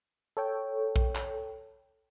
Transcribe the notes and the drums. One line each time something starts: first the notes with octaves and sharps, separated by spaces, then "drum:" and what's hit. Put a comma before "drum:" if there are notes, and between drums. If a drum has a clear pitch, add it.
A4 C#5 G5
drum: kick A#1
drum: clap